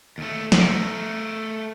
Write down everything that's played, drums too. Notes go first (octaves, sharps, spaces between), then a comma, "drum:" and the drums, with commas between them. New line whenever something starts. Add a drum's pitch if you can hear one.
D#2 A3
drum: snare
A3 A#4